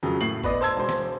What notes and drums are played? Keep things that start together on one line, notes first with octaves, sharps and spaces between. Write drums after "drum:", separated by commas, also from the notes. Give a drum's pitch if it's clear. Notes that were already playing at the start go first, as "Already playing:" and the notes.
F2 C#3 F#3
A2 C7 F#7
B3 B4 D5 D#5, drum: kick G1
C5 A5 E6 G#6
E1 C5
drum: snare